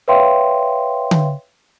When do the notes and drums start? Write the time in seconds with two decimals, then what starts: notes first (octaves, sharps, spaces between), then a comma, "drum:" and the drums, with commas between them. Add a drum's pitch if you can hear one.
0.08 B4 C#5 E5 F5 G5 C6
1.11 drum: tom D3